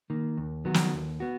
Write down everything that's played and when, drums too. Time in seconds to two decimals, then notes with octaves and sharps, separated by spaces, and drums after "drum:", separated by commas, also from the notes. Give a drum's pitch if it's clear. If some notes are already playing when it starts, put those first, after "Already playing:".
0.10 D#3 A#3
0.37 D#2
0.65 D#3 F#3 B3 F#4
0.74 drum: snare
0.93 D#2
1.20 B3 F#4